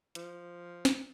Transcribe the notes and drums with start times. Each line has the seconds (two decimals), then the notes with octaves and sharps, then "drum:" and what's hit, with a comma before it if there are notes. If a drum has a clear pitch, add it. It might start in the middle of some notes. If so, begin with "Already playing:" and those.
0.15 F3, drum: hi-hat
0.85 drum: snare